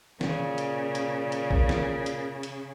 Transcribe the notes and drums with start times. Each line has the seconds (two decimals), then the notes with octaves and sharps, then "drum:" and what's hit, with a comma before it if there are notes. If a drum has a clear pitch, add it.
0.21 A#2 C#3, drum: snare
0.58 drum: hi-hat
0.95 drum: hi-hat
1.32 drum: hi-hat
1.51 drum: kick
1.69 drum: snare
2.06 drum: hi-hat
2.43 drum: hi-hat